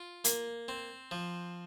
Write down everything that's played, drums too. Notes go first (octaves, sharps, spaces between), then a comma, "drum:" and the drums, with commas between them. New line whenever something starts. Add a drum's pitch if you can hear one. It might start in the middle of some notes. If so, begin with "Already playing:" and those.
Already playing: F4
A#3, drum: hi-hat
C4
F3